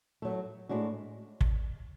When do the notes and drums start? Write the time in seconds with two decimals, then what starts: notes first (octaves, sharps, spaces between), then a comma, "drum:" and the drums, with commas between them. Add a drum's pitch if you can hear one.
0.22 A2 F#3 A3
0.69 A2 G#3 D4 F#4
1.41 drum: kick